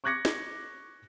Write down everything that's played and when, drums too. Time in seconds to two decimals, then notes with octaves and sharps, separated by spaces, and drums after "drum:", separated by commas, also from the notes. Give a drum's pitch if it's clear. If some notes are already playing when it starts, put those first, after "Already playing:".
0.04 C#6 D6 F#6 G#6 A#6 C#7
0.25 drum: snare